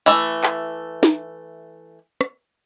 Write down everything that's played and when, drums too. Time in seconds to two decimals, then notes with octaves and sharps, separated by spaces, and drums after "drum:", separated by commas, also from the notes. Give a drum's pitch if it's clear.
0.06 E3 A3
0.44 drum: clap
1.03 drum: snare
2.21 drum: rim click